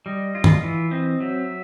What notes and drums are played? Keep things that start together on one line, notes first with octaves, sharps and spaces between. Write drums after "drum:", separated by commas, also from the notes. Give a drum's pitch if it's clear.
G3 D#5
F4
drum: tom
E3 E5
C4 D#5
F#3 E5